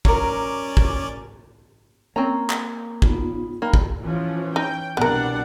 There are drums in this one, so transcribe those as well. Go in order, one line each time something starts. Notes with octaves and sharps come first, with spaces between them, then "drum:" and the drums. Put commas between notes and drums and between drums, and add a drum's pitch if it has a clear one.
F#3 C#4 A#4 D5 D6, drum: kick
drum: kick
A#3 C4 C#4 A#5
drum: clap
B3 D#4 F4, drum: kick
A#3 D#4 G5 B5
drum: kick
E3 F3 C#4
D#4 G5
C2 B2 G3 B3 D4 A#4 D5 F#5